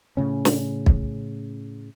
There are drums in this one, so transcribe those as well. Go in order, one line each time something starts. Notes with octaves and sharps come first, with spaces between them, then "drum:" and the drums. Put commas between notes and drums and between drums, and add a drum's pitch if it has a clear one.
A2 C#3 C#4
drum: snare
drum: kick